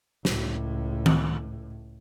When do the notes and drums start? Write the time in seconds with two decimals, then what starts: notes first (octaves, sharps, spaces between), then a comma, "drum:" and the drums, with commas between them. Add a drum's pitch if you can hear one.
0.25 C#2 A2, drum: snare
1.06 drum: tom D#3